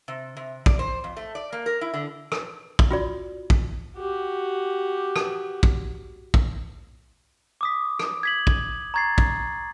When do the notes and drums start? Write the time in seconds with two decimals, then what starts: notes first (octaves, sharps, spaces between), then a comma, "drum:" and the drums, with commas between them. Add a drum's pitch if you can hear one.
0.08 C3
0.37 C3
0.66 D5, drum: kick
0.79 C5
1.04 F2
1.17 A3
1.35 D5
1.52 A#3
1.66 A#4
1.81 E4
1.94 D3
2.32 drum: rim click
2.79 drum: kick
2.91 F4 F#4 D5
3.50 drum: kick
3.98 F#4 G4
5.16 drum: rim click
5.63 drum: kick
6.34 drum: kick
7.61 D6 D#6 B6
8.00 drum: rim click
8.23 G#6 B6 F#7
8.47 drum: kick
8.94 A#5 C#6 G#6 A6 C7
9.18 drum: kick